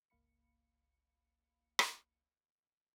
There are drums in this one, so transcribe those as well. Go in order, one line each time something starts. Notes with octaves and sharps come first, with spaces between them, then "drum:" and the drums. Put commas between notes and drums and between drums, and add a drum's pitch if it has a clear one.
G1 C#2 A#3 F5 B5 C#7
drum: rim click